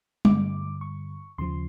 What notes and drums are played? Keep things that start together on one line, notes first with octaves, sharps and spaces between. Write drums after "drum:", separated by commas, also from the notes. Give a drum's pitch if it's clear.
G2 D3 G3 D6, drum: tom G3
C#6
D#2 C#3 F3 C6